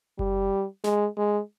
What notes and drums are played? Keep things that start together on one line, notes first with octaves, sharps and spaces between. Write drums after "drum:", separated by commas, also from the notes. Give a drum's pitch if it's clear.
G3, drum: kick F#1
G#3, drum: snare
G#3